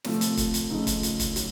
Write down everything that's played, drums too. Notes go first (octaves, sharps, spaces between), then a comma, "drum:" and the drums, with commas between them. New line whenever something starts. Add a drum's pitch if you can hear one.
C3 F3 A3, drum: snare
drum: hi-hat
drum: kick, hi-hat
drum: hi-hat
C#3 F3 A3 D#4
drum: kick, hi-hat
drum: hi-hat
drum: kick, hi-hat
F#3, drum: hi-hat